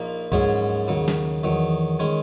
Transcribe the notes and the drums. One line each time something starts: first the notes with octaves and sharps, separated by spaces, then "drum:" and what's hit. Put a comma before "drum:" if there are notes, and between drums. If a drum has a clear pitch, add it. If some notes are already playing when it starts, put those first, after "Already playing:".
Already playing: A#1 A#2 A#3 D#4
A#1 G#2 F#3 C#4 G#4, drum: kick C#2
D#2 C#3 F#3
drum: snare
E2 D#3 F#3
D#3 G#3 C#4